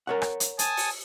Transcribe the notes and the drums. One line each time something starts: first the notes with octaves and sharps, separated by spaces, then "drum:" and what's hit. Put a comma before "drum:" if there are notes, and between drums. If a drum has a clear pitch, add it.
A#4 C#5 F#5
drum: rim click
drum: hi-hat
G#5 A5 D#6, drum: hi-hat
drum: open hi-hat